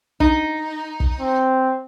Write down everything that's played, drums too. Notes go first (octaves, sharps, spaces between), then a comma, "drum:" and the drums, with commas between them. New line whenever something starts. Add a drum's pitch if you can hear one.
D#4, drum: kick
drum: kick
C4